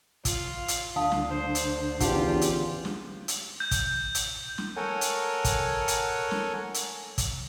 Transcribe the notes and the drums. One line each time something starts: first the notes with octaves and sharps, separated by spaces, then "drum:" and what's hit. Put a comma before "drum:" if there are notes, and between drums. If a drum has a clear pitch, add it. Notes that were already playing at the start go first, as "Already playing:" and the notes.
F4, drum: kick, hi-hat
drum: hi-hat
D2 D3 F5 A5 D#6
drum: snare
C5
drum: hi-hat
E2 C#3 D#4 F4 G4 F#5 A5, drum: kick, hi-hat
drum: hi-hat
drum: snare
drum: hi-hat
G6
drum: kick, hi-hat
drum: hi-hat
drum: snare
A4 A#4 C#5 F#5 G#5
drum: hi-hat
drum: kick, hi-hat
drum: hi-hat
drum: snare
drum: hi-hat
drum: kick, hi-hat